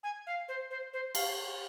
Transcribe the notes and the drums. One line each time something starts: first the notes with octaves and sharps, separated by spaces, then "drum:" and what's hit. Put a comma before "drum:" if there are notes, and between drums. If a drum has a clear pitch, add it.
G#5
F5
C5
C5
C5
F5, drum: cymbal